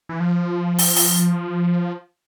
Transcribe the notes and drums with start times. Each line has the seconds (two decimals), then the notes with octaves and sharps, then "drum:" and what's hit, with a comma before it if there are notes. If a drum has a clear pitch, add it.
0.09 E3
0.20 F3
0.78 drum: open hi-hat
0.96 drum: open hi-hat